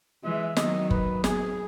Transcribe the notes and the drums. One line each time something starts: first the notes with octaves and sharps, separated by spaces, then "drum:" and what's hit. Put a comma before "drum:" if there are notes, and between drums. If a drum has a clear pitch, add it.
E3 G#3 E5
D#3 F#3 D#5, drum: snare
B4, drum: kick F#1
G#4, drum: snare